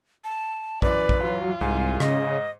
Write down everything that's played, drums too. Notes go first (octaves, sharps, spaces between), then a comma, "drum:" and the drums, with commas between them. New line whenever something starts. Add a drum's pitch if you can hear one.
A5
F#2 E3 B4 D5, drum: kick A#1
drum: kick A#1
F#3 F4
C2 G#2 G#5
C#3 D#5, drum: rim click